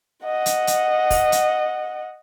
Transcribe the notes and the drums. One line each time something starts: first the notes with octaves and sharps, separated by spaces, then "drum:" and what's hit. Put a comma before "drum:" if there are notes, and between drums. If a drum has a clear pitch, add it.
D#5 F#5
drum: hi-hat
drum: hi-hat
drum: kick, open hi-hat
drum: hi-hat